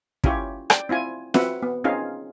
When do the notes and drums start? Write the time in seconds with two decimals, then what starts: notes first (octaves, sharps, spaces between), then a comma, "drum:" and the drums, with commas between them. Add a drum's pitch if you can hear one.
0.24 C#4 E4 F4 G4 C#5, drum: kick
0.70 D5 G5, drum: rim click
0.89 C4 E4 F4 G#5
1.34 C4 F#4 B4 E5 F#5, drum: snare
1.62 B3
1.84 C4 C#4 D#4 F4 G#4 F5